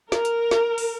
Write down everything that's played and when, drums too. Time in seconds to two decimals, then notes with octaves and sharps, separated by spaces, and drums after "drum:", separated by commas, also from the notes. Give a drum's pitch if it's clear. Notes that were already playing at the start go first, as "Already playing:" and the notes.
0.12 A#4, drum: snare
0.25 drum: hi-hat
0.51 drum: snare
0.78 drum: open hi-hat